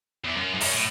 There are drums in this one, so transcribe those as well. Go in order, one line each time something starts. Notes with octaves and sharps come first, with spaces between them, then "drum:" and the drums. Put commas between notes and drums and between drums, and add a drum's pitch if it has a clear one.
E2
F#2
G#2
F#2, drum: open hi-hat
A2